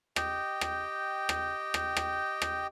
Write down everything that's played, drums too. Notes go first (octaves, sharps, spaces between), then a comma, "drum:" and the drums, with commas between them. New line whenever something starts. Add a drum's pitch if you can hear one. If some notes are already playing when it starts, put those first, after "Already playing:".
G4 D#5 G5, drum: rim click
drum: rim click
drum: rim click
drum: rim click
drum: rim click
drum: rim click